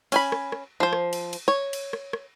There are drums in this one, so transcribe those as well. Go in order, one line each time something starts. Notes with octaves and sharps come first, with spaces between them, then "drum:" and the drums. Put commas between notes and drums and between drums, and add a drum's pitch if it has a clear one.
C#4 G#5 B5, drum: cymbal
drum: rim click
drum: rim click
F3 C5
drum: rim click
drum: cymbal
drum: cymbal
C#5
drum: cymbal
drum: rim click
drum: rim click